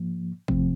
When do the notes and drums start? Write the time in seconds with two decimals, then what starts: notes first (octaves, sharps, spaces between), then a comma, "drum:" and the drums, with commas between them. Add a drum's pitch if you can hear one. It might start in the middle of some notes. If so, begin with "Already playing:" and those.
Already playing: G#2 F3 A#3
0.48 E2 C3 F3 A3 C4, drum: kick F#1